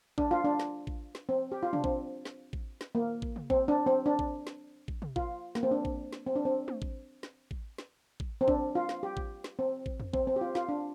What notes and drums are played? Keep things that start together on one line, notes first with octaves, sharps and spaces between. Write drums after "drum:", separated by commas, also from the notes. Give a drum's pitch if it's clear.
D4, drum: kick A1
F4
D4
drum: snare
drum: kick A1
drum: snare
C4
G4
F4
D4, drum: tom
C4, drum: kick A1
drum: snare
drum: kick A1
drum: snare
A#3
drum: kick A1
drum: tom
C4, drum: kick A1
D4
C4
D4
drum: kick A1
drum: snare
drum: kick A1
drum: tom
F4, drum: kick A1
A#3, drum: snare
C4
D4
drum: kick A1
drum: snare
C4
D4
C4
drum: tom
drum: kick A1
drum: snare
drum: kick A1
drum: snare
drum: kick A1
C4
D4, drum: kick A1
F4
drum: snare
G4
drum: kick A1
drum: snare
C4
drum: kick A1
drum: tom
C4, drum: kick A1
C4
G4
F4
F4, drum: snare
D4